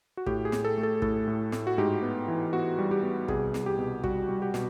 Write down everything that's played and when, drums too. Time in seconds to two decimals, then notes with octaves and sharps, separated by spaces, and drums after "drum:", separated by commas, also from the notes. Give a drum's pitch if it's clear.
0.17 F#4
0.26 A2 G4, drum: kick
0.45 G#4
0.52 A2, drum: snare
0.65 A4
0.78 A3
0.83 A4
1.02 A2 A4, drum: kick
1.28 A2
1.52 A2, drum: snare
1.67 F#4
1.78 G#2 G4
2.03 B3
2.28 E3
2.53 B3 F#4
2.79 G3
2.91 G4
3.03 B3
3.28 C2 G#4, drum: kick
3.54 C2, drum: snare
3.66 G4
3.78 B2
4.04 G3 F#4, drum: kick
4.29 G3
4.42 G4
4.54 B2, drum: snare